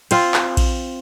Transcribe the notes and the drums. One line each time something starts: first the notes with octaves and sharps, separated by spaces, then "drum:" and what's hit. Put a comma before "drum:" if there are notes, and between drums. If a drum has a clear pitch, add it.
C4 F4, drum: cymbal
drum: clap
drum: kick A#1, cymbal